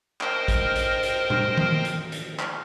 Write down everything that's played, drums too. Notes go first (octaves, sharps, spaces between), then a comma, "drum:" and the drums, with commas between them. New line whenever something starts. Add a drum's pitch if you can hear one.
A#4 C5 D#5 G5, drum: clap
drum: kick A1, hi-hat
drum: hi-hat
drum: hi-hat
drum: tom A#2
drum: tom D#3
drum: hi-hat
drum: hi-hat
drum: clap